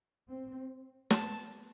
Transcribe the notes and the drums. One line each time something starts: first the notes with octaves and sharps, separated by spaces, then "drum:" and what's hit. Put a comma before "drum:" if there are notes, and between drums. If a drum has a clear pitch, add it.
C4
B3 A5, drum: snare